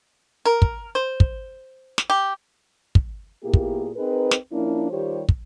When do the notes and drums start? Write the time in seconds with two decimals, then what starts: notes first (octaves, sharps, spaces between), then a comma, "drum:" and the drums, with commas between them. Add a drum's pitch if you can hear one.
0.45 A#4
0.62 drum: kick
0.95 C5
1.20 drum: kick
1.98 drum: snare
2.10 G4
2.95 drum: kick
3.43 A#2 A#3 B3 E4 G4 G#4
3.54 drum: kick
3.96 C4 D#4 G#4 A#4 B4
4.31 drum: snare
4.52 F3 A#3 C#4 D4 E4
4.90 D#3 G3 F4 G4 C5 C#5
5.29 drum: kick